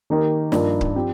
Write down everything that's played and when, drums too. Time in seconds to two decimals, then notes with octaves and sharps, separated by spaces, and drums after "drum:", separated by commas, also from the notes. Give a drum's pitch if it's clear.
0.10 D#3 A#3 D#4 G4 A#4
0.52 G2 F3 A#3 D#4 A#4, drum: snare
0.81 drum: kick C#1
0.95 F3 C4 G4